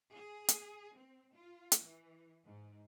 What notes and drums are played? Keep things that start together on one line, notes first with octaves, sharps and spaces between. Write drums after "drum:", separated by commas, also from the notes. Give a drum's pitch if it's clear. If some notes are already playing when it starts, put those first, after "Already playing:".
G#4
drum: hi-hat
C4
F4
drum: hi-hat
E3
G#2